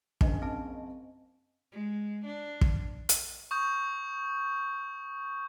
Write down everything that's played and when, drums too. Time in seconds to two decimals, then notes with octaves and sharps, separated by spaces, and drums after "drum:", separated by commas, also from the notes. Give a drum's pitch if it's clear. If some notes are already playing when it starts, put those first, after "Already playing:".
0.21 F#1 D4 D#5 G#5, drum: kick
0.42 C4 A5
1.72 G#3
2.24 D4
2.61 drum: kick
3.09 drum: hi-hat
3.51 C#6 D#6 G6